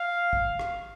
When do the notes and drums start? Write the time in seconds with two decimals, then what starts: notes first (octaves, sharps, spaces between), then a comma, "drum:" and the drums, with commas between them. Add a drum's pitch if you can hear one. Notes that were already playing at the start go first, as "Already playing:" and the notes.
Already playing: F5
0.33 drum: kick
0.59 drum: rim click